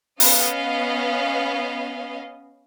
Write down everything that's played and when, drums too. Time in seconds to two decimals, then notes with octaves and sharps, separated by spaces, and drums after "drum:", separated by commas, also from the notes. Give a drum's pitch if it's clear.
0.20 B3 C#4 D#5 F5, drum: open hi-hat